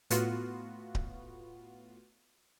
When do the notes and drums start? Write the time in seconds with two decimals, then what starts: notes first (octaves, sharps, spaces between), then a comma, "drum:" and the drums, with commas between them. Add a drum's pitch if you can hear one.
0.10 A2 B3 F4 F#4, drum: hi-hat
0.95 drum: kick D1